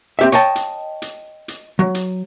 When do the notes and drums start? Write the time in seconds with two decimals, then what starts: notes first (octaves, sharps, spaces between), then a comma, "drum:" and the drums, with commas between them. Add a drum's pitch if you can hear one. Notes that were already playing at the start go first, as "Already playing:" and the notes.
0.19 C4 G4 E5
0.32 C#5 D#5 G5 A5, drum: hi-hat
0.55 drum: hi-hat
1.02 drum: hi-hat
1.48 drum: hi-hat
1.79 F#3
1.95 drum: hi-hat